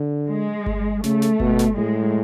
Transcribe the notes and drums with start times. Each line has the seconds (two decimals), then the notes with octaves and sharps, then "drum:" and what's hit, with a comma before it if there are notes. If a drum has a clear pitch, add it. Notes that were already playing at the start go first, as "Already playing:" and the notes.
Already playing: D3
0.30 G#3
0.66 drum: kick G1
1.04 C#3 A3, drum: snare
1.22 drum: snare
1.40 B2, drum: kick G1
1.59 drum: snare
1.77 A2 G#3